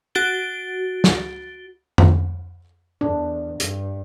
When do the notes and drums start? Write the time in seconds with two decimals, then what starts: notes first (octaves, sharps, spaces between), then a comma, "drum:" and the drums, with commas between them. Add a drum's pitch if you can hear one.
0.15 F#4 A6 D7 G7
1.04 drum: snare
1.98 drum: tom F2
3.01 E2 D4
3.60 G2, drum: hi-hat